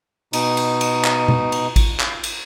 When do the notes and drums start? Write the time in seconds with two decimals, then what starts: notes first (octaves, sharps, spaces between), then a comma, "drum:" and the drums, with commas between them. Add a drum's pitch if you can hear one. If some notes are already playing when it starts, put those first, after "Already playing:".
0.33 B2 D#4, drum: cymbal
0.57 drum: cymbal
0.81 drum: cymbal
1.05 drum: clap
1.28 drum: tom B2
1.52 drum: cymbal
1.76 drum: kick A1, cymbal
2.00 drum: clap
2.24 drum: cymbal